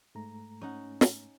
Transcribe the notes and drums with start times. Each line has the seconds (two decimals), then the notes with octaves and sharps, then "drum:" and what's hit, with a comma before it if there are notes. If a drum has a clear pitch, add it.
0.15 G#2 A3 A#5
0.61 C#4 D#4 F#5
1.01 drum: snare